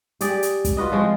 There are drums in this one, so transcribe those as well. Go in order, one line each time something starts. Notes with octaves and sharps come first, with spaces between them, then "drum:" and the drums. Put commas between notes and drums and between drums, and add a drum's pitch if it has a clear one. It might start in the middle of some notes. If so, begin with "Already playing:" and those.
G4 G#4 D5, drum: hi-hat
drum: hi-hat
drum: kick, hi-hat
F4 F#4 B4 D#5
F3 G#3 C4